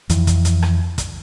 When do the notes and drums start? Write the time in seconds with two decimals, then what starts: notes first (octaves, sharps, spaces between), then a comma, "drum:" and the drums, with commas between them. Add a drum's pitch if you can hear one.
0.10 F2 E3, drum: hi-hat
0.27 drum: kick, hi-hat
0.45 drum: hi-hat
0.62 drum: rim click
0.98 drum: kick, hi-hat